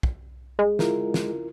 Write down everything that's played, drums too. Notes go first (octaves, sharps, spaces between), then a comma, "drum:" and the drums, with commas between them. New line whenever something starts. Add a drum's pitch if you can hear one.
drum: kick
G#3
E4 F4 A#4, drum: snare
drum: snare